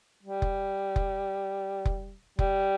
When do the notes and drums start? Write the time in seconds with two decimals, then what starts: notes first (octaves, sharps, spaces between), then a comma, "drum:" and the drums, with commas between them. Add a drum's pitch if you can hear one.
0.23 G3
0.42 drum: kick F1
0.96 drum: kick F1
1.85 drum: kick F1
2.39 G3, drum: kick F1